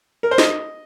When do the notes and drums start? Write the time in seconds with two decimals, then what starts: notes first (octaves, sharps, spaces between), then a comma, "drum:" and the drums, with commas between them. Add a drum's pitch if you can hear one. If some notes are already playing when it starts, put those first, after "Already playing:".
0.23 A#4
0.31 C5
0.38 D#5, drum: snare